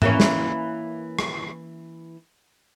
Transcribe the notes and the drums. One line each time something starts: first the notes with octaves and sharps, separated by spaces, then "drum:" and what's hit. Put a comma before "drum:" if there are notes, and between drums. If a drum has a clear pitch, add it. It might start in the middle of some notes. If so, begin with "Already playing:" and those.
E3 A#3 C#4, drum: tom G#2
drum: snare
drum: rim click